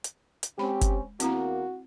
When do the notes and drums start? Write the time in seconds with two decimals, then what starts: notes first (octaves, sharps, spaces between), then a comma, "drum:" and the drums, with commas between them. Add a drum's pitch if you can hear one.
0.04 drum: hi-hat
0.43 drum: hi-hat
0.58 G#3 C4 C#4 G4 B5
0.81 drum: kick F#1, hi-hat
1.20 E2 A#3 C4 E4 F#4 A#5, drum: hi-hat